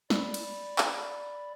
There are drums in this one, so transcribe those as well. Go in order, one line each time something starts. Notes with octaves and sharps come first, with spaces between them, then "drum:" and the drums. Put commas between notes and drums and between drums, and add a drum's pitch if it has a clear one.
D5 B5, drum: snare
drum: cymbal
drum: clap